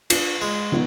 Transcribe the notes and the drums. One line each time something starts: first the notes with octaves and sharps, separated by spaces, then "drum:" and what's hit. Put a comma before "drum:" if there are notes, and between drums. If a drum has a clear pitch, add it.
D4 F4, drum: cymbal
G#3
D#3 F3 B3